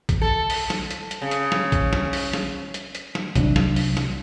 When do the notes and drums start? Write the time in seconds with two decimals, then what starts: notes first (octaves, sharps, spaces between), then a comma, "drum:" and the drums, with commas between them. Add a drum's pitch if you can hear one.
0.09 drum: kick A#1, hi-hat
0.22 A4
0.50 drum: open hi-hat
0.70 drum: snare
0.91 drum: hi-hat
1.11 drum: hi-hat
1.22 C#3
1.31 drum: hi-hat
1.52 drum: snare
1.72 drum: kick A#1, hi-hat
1.93 drum: snare
2.13 drum: open hi-hat
2.33 drum: snare
2.74 drum: hi-hat
2.95 drum: hi-hat
3.15 drum: snare
3.36 C2 F#3 C4 D4, drum: kick A#1, hi-hat
3.56 drum: snare
3.76 drum: open hi-hat
3.97 drum: snare